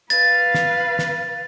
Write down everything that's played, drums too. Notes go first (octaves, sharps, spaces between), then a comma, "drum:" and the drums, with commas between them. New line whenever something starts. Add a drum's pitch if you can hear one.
B4 F5 A6, drum: hi-hat
drum: snare
drum: snare